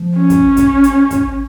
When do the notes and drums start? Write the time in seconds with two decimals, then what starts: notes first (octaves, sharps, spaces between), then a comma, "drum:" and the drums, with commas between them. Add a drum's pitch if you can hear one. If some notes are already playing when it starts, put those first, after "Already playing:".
Already playing: F3
0.17 C#4
0.30 drum: kick, hi-hat
0.57 drum: kick, hi-hat
0.84 drum: hi-hat
1.11 drum: kick, hi-hat